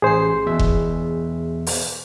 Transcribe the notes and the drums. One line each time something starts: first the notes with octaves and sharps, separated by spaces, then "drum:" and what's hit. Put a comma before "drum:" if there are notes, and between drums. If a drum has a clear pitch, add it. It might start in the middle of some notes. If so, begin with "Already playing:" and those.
A1 G#4 C5 C7
E2 B2 E5
drum: kick F1
drum: open hi-hat